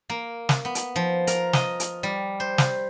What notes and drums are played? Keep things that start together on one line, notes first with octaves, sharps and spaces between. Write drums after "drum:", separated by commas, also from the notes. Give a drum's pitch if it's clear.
A#3
drum: snare
B3
drum: hi-hat
F3
A#4, drum: hi-hat
D#5, drum: snare
drum: hi-hat
G3
C5
drum: snare